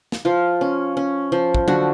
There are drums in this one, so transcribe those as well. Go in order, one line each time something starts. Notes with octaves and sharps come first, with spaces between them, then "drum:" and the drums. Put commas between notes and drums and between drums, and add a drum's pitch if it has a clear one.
drum: snare
F3 F4
C#4
C#4
F3
drum: kick
D3 F#4, drum: tom F#3